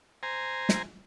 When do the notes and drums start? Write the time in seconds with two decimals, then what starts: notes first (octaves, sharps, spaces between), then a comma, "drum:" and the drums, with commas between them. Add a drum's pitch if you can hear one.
0.23 C5 G#5 A#5
0.69 drum: snare